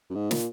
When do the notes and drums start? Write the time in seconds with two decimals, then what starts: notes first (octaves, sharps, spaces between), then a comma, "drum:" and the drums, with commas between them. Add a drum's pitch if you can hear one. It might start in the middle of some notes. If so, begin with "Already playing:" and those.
0.10 F#2
0.15 G#2
0.31 A#2, drum: snare